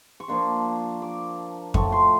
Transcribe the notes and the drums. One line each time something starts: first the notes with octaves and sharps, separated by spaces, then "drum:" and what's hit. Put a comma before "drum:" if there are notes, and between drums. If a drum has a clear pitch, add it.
C#6
F3 A#3 D4 C6
D6
A2 F3 A3 C#6, drum: kick F2
C6